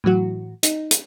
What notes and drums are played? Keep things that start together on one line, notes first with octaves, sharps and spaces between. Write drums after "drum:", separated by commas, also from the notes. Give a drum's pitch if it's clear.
A2 E3 F#3 F#4
D#4, drum: hi-hat
drum: hi-hat